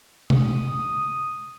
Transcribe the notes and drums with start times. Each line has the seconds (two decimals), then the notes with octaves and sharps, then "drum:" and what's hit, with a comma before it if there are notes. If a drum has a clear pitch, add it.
0.30 D#6, drum: tom